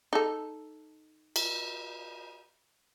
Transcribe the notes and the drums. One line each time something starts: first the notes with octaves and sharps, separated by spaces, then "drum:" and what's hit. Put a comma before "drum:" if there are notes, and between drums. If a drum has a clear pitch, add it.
D#4 A4
drum: cymbal